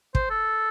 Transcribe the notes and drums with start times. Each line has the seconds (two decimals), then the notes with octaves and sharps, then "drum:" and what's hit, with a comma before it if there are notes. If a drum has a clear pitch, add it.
0.15 C5, drum: kick
0.30 A4